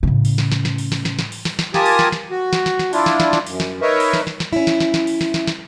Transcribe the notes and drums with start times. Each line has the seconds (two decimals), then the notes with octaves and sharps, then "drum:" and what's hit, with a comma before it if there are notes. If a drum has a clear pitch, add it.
0.03 A2 C#3
0.25 drum: open hi-hat
0.38 drum: snare
0.52 drum: snare
0.65 drum: snare
0.78 drum: open hi-hat
0.92 drum: snare
1.05 drum: snare
1.19 drum: snare
1.32 drum: open hi-hat
1.45 drum: snare
1.59 drum: snare
1.74 F4 G4 A#4 G#5 A5 D#6, drum: snare
1.86 drum: open hi-hat
1.99 drum: snare
2.12 drum: snare
2.31 F#4
2.53 drum: snare
2.66 drum: snare
2.79 drum: snare
2.93 D4 E4 F4, drum: open hi-hat
3.06 drum: snare
3.20 drum: snare
3.33 drum: snare
3.47 F#2, drum: open hi-hat
3.60 drum: snare
3.81 D#4 A#4 B4 C#5 E5
4.00 drum: open hi-hat
4.13 drum: snare
4.27 drum: snare
4.40 drum: snare
4.53 C#4 E4
4.67 drum: snare
4.80 drum: snare
4.94 drum: snare
5.07 drum: open hi-hat
5.21 drum: snare
5.34 drum: snare
5.47 drum: snare